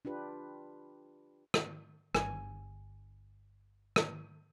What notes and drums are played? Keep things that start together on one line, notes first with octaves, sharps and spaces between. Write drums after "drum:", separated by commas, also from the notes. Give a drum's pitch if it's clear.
D4 F4 G4 B4
drum: rim click
G1 G2 G#5, drum: rim click
drum: rim click